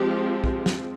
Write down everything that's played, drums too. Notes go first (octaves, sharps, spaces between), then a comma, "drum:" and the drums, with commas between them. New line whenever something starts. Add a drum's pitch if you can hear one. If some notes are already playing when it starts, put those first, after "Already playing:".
Already playing: F3 G#3 C4 G4
drum: kick
drum: snare